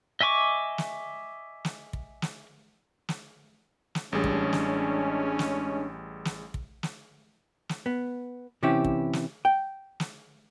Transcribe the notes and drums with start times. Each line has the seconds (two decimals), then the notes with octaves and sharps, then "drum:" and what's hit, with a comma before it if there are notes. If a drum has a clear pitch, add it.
0.21 D#5 E5 G#5 C#6 D6
0.78 drum: snare
1.65 drum: snare
1.93 drum: kick
2.22 drum: snare
3.09 drum: snare
3.95 drum: snare
4.12 A1 G3 G#3 C#4 D4 G#4
4.24 drum: kick
4.53 drum: snare
5.39 drum: snare
6.25 drum: snare
6.54 drum: kick
6.83 drum: snare
7.69 drum: snare
7.86 B3
8.63 C3 E3 C#4 E4 G4
8.85 drum: kick
9.13 drum: snare
9.45 G5
10.00 drum: snare